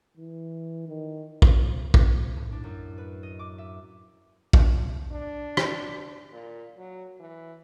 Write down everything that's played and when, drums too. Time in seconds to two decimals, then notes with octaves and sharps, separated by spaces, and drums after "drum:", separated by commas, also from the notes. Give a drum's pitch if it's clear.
0.17 E3
0.88 D#3
1.42 drum: kick
1.94 drum: kick
2.37 A2
2.52 D4
2.64 F#2
2.98 B4
3.23 D#5
3.39 D6
3.58 E5
4.53 drum: kick
5.12 D4
5.57 drum: rim click
6.32 A#2
6.78 F#3
7.20 E3